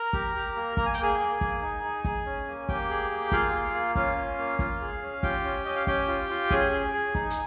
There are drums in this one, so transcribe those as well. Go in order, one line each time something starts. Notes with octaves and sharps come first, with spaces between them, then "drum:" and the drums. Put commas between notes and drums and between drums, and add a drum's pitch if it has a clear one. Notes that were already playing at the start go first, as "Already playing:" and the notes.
Already playing: A#4 A#5
G4, drum: kick
G4
A#3
A#3 A#5, drum: kick
G#5
G5, drum: hi-hat
A#3 G#4 G#5
A#3
A#3, drum: kick
D#4
D#4
G#4, drum: kick
C#4
A#3
A#3 G4 G5, drum: kick
G#4
A#3
F4 G#4 F5, drum: kick
A#3
A#3
C#4 F4 F5, drum: kick
C#4
A#3
F4, drum: kick
G#4
C#4
F4 G4 G5, drum: kick
C#4
C#4 D#5
F5
C#4 G4 G5, drum: kick
F4
F4
C#4 G#4 G#5, drum: kick
G#4
G#4
D#4, drum: kick
drum: hi-hat